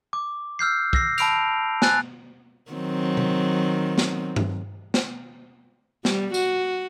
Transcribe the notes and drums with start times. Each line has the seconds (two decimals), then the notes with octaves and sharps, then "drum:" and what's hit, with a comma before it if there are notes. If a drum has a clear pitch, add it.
0.13 D6
0.59 E6 F6 G6 C7
0.93 E6 A#6 C7, drum: kick
1.18 A5 B5 D7 F7, drum: tambourine
1.82 G#5 F#6 A6, drum: snare
2.72 D#3 F#3 C4
3.17 drum: tom C3
3.98 drum: snare
4.36 drum: tom G2
4.94 drum: snare
6.05 G3, drum: snare
6.34 F#4, drum: tambourine